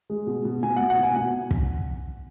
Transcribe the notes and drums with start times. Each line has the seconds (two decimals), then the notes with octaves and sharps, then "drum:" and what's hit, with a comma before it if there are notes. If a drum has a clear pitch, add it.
0.10 G#3
0.27 B2
0.45 B2
0.63 B2 G#5
0.76 F#5
0.81 B2
0.90 F#5
0.99 B2 G#5
1.16 B2 F#5
1.51 drum: kick